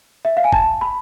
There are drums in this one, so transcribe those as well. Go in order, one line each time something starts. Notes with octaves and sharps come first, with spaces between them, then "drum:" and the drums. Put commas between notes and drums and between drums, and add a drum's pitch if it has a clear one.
E5
F5
G#5
A5, drum: kick
B5